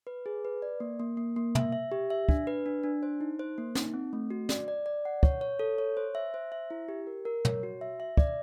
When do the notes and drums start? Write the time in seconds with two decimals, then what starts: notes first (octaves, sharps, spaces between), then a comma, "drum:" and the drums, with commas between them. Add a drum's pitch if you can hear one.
0.07 B4
0.26 G#4
0.45 B4
0.62 D5
0.80 A#3
1.00 A#3
1.17 A#3
1.36 A#3
1.55 E5, drum: tom
1.72 E5
1.92 G4
2.10 E5
2.29 D4, drum: kick
2.47 B4
2.66 D4
2.83 D4
3.03 C5
3.21 D#4
3.39 C5
3.58 A#3
3.75 D#4, drum: snare
3.94 C4
4.13 A3
4.30 F#4
4.49 D5, drum: snare
4.68 D5
4.86 D5
5.05 F#5
5.23 C#5, drum: kick
5.41 C#5
5.59 A4
5.78 C#5
5.97 C5
6.15 E5
6.34 C5
6.52 E5
6.71 E4
6.88 G4
7.07 A#4
7.25 A#4
7.45 C#5, drum: tom
7.63 F#4
7.81 E5
8.00 E5
8.17 D5, drum: kick